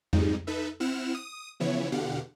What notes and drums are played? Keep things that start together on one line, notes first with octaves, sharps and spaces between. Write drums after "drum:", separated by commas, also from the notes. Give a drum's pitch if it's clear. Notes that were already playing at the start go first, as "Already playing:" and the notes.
F2 G#2 G3 G#3 D#4, drum: tom F2
D#4 A4 B4 E5
C4 E4 F#5 F6 E7
D#6
C#3 E3 F3 B3 E4 C#5
E2 B2 D3 G4 F5 F#5